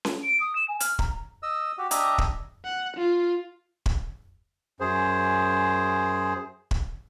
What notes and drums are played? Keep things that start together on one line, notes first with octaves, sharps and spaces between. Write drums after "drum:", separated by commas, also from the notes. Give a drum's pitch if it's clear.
drum: snare C#4
D7
D#6
E7
G#5
F6, drum: hi-hat
A#5, drum: kick
D#5 E6
F#4 G4
D4 G4 D#5 E5 A#5, drum: hi-hat
drum: kick
F#5
F4
drum: kick
F#2 G#4 C5
drum: kick